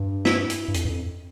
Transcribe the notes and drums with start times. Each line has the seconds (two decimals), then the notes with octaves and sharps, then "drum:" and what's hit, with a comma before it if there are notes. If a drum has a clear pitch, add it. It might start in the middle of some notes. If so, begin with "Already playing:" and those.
Already playing: G2
0.25 E4, drum: snare
0.50 drum: hi-hat
0.68 G2
0.74 F2, drum: hi-hat
0.85 G2
0.90 F2